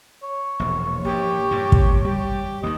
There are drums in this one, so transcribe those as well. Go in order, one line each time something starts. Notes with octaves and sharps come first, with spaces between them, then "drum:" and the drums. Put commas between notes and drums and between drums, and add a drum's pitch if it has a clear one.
C#5
E1 A#1
A#1 G#2 G4
G2 A#2
drum: kick
G3 G4
D#2 D#3 D#5